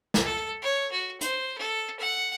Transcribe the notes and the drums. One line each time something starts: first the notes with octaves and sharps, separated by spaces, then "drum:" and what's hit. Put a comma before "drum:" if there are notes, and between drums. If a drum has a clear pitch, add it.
drum: snare
A4
C#5
F#4
C5, drum: hi-hat
A4
F#5